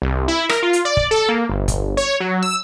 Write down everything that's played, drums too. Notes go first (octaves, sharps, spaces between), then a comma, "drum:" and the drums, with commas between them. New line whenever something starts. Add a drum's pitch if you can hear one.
C2
E4
A#4, drum: rim click
F4
drum: hi-hat
D5
drum: kick
A4
A#3
G1
drum: kick, hi-hat
C#5
F#3
E6